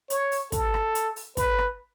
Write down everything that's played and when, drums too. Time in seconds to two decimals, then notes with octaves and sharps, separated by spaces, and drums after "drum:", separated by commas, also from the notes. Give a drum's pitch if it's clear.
0.10 C#5, drum: hi-hat
0.32 drum: open hi-hat
0.52 A4, drum: kick, hi-hat
0.74 drum: rim click
0.95 drum: hi-hat
1.16 drum: open hi-hat
1.37 B4, drum: kick, hi-hat
1.58 drum: rim click